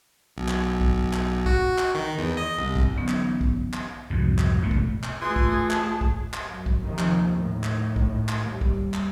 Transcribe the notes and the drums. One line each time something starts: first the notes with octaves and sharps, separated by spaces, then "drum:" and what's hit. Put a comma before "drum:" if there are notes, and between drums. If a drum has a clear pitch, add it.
B1
drum: clap
drum: kick
drum: clap
F#4, drum: kick
drum: clap
D#3
E2
D#5
C2
drum: kick
D3 E3 F#3 B3 C#4 D#4
drum: clap
drum: kick
drum: clap
C2 F2 G#2 B2
drum: clap
E1 F2 C3 A3
drum: kick
drum: clap
E3 A3 F4 G#4 C6
drum: kick
A5, drum: clap
drum: kick
drum: clap
F#2
drum: kick
D#2 C3 D#3 F3
drum: clap
A2 D#3
drum: clap
drum: kick
drum: clap
D#2 G3
drum: kick
drum: clap